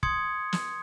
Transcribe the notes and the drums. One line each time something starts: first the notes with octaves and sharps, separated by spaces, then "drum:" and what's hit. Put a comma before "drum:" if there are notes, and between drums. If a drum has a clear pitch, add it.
C6 D#6 G#6 C#7, drum: kick
drum: snare